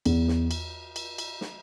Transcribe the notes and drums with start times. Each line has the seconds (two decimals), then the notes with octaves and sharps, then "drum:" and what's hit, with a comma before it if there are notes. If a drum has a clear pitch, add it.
0.06 E2, drum: cymbal
0.28 drum: snare
0.51 drum: cymbal
0.96 drum: cymbal
1.18 drum: cymbal
1.41 drum: snare